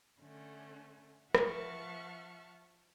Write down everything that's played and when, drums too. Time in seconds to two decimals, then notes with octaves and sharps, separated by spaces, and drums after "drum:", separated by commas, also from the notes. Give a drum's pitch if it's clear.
0.22 D3 A3 C#4
1.35 F3 E5 F#5 A5 C#6 F6, drum: rim click